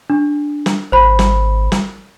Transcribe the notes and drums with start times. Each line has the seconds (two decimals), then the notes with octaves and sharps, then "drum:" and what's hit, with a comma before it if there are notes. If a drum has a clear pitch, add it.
0.10 D4
0.66 drum: snare
0.92 G#1 C5 B5
1.19 drum: snare
1.72 drum: snare